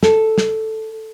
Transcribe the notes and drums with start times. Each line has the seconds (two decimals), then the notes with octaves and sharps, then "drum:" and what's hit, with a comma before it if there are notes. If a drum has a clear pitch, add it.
0.03 A4, drum: snare
0.38 drum: snare